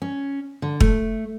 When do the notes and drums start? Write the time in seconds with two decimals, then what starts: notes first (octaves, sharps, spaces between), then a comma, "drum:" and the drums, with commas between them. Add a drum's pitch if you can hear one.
0.02 C#4
0.62 D3
0.81 A3, drum: kick